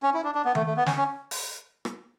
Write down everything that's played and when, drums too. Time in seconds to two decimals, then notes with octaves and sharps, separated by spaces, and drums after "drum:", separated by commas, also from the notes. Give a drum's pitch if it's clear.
0.03 C#4
0.14 E4
0.24 D4
0.35 D4
0.45 B3
0.55 A3, drum: tom D#3
0.66 A3
0.76 B3
0.86 C#4, drum: snare
0.97 C#4
1.31 drum: open hi-hat
1.85 drum: rim click